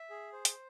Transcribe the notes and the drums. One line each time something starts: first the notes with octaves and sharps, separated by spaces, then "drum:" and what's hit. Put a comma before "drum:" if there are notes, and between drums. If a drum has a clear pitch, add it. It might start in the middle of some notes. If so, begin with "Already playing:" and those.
Already playing: E5
G#4
C5
drum: hi-hat